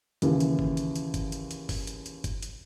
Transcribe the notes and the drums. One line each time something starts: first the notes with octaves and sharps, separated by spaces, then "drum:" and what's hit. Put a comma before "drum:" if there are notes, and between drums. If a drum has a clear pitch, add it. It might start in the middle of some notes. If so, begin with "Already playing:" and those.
D#2 C#3 E3, drum: hi-hat
drum: hi-hat
drum: kick
drum: hi-hat
drum: hi-hat
drum: kick, hi-hat
drum: hi-hat
drum: hi-hat
drum: kick, open hi-hat
drum: hi-hat
drum: hi-hat
drum: kick, hi-hat
drum: hi-hat